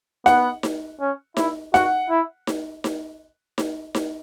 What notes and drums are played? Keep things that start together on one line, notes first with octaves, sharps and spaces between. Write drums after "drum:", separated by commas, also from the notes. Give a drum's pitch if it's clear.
B3 F#5, drum: snare D#4
drum: snare D#4
C#4
E4, drum: snare D#4
F#4 F#5, drum: snare D#4
E4
drum: snare D#4
drum: snare D#4
drum: snare D#4
drum: snare D#4